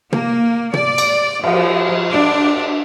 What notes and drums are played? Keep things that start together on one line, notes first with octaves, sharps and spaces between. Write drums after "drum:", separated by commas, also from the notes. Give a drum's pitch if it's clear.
A#3, drum: tom
D5, drum: tom
drum: cymbal
F3, drum: cymbal
D4